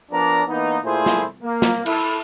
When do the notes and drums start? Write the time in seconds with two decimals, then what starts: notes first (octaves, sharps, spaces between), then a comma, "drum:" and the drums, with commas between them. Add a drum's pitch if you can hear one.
0.11 F3 B3 D4 A#4 D5 A#5
0.48 E3 A#3 B3 D#4
0.84 A#2 A3 E4 F4 G#4 C5
1.06 drum: snare
1.43 A#3
1.62 drum: snare
1.86 E4 A4, drum: cymbal